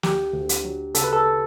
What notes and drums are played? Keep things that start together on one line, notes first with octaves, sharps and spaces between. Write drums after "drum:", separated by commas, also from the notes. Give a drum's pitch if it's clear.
D2 G4, drum: snare
D2
drum: hi-hat
F#3
C#3 A4, drum: hi-hat
B4
A4